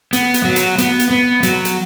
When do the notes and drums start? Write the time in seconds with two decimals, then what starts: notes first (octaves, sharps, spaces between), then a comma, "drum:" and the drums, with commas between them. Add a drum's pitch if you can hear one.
0.13 B3, drum: hi-hat
0.34 drum: hi-hat
0.45 F#3
0.56 drum: hi-hat
0.78 B3, drum: hi-hat
1.00 drum: hi-hat
1.11 B3
1.43 F#3, drum: hi-hat
1.65 drum: hi-hat